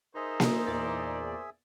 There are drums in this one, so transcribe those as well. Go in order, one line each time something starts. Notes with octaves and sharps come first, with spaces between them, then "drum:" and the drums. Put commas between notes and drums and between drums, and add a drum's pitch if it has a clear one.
D#4 G#4 A#4 C5 E5
drum: snare A#3
E2 A#2 D5